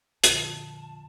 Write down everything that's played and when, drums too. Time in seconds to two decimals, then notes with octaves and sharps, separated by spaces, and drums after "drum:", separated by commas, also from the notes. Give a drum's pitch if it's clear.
0.24 F2 A#2 D3 F4 A5, drum: hi-hat